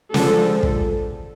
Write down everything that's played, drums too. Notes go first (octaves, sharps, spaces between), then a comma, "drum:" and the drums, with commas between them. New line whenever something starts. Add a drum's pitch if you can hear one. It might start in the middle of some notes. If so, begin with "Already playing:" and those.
D3 F3 G#3 A4, drum: snare
drum: kick